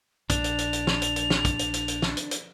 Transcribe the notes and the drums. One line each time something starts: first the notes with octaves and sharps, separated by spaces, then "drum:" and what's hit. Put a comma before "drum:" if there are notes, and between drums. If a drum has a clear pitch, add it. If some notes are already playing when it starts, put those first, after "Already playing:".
A#1 D4 F7, drum: kick, hi-hat
drum: hi-hat
drum: hi-hat
drum: hi-hat
drum: snare
drum: hi-hat
drum: hi-hat
drum: snare
drum: kick, hi-hat
drum: hi-hat
drum: hi-hat
drum: hi-hat
drum: snare
drum: hi-hat
drum: hi-hat